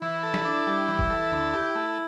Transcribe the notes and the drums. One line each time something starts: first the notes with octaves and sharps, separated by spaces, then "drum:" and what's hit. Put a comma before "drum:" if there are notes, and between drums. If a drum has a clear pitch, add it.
E3 E4
A4
drum: snare
D4
G3
E3
drum: kick G1
A4
D2
G4
A3